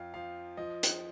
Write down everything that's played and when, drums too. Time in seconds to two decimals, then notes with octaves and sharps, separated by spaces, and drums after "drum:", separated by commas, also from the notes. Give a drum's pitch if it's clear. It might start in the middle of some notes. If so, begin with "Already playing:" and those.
Already playing: F2 F5
0.14 F3 F5
0.57 F3 D#5
0.83 drum: hi-hat